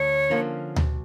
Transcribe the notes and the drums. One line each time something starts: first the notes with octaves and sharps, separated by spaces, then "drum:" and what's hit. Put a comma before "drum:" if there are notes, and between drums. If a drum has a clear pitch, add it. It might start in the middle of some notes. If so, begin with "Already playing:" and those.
Already playing: D2 C#5
D3 F3 A#3 C#4
B1, drum: tom D2